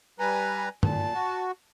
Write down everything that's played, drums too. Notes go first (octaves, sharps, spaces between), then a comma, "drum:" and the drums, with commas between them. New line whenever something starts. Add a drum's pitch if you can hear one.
G3 B4 G#5 A#5
A#2 A5, drum: tom
F#4